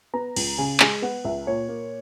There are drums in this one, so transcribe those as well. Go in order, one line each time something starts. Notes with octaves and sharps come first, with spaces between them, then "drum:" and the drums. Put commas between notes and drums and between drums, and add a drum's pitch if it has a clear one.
B3 A#5
C#2, drum: cymbal
C#3 G#5
G#3 G#5, drum: clap
B3 F#5
C#2 E5
A#2 C#5
A#3